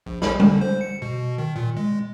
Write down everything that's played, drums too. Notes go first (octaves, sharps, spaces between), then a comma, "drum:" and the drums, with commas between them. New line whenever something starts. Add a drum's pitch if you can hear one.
A#1
B5, drum: snare
D3, drum: tom G3
C5
C#7
B2
D#3
A#2
G#3